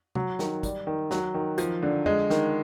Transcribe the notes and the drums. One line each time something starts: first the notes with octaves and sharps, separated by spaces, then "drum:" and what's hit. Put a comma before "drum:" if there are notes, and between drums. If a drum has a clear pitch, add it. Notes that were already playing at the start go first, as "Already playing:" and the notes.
F#3, drum: tom C3
D#3, drum: snare
G3, drum: kick, hi-hat
D#3
F#3, drum: snare
D#3
F3, drum: hi-hat
D3
G#3, drum: tom F2
D#3, drum: snare